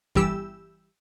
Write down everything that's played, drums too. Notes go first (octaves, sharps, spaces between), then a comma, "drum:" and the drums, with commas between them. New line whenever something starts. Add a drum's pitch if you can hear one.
G1 E3 G3 G4 E6, drum: kick